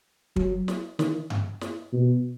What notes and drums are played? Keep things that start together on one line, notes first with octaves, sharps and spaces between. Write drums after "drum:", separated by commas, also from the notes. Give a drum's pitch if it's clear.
F#3, drum: kick
drum: snare
D#3, drum: snare
drum: tom G2
drum: snare
B2